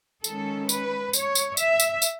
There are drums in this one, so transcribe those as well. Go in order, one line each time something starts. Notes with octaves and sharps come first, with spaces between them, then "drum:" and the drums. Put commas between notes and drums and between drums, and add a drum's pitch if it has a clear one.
D#3 G#3 C#4 A4, drum: tambourine
B4, drum: tambourine
C#5, drum: tambourine
drum: tambourine
E5, drum: tambourine
drum: tambourine
drum: tambourine